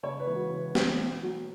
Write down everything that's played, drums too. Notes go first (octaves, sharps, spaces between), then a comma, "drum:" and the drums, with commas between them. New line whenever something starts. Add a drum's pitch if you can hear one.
C#3 C#5
B4
E3 G#3
F#4
C#3 B4
E3 G#3, drum: snare
B2
F#3